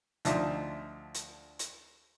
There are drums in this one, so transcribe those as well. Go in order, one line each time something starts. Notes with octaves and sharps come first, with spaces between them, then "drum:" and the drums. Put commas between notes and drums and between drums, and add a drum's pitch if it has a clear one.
D2 F3 D4 D#4 E5, drum: hi-hat
drum: hi-hat
drum: hi-hat